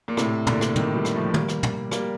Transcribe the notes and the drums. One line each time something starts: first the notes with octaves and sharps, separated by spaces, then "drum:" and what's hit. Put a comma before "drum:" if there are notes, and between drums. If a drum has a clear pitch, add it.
A#2
A2 C3, drum: rim click
A#2 D3, drum: tom
drum: rim click
C3 D#3, drum: tom
D#3 G3
drum: rim click
F3 A3
G3 A#3, drum: tom
drum: rim click
drum: tom
G3 A#3, drum: rim click